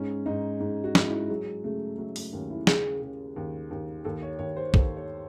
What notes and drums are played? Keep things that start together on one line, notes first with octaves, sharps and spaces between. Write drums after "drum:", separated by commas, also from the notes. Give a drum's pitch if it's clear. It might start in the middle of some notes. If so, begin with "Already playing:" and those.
Already playing: G#2 C#4
G#2 D#4
G#2
F#4
G#2, drum: snare
E4
F#3 G#3
C#3 A3
F#3 A3
A3, drum: open hi-hat
D#2 C#4
E4
C#3 G#4, drum: snare
C#3
D#2
D#2
D#2 A4
C#5
D#2 C#5
C5
D#2 A4, drum: kick
C#5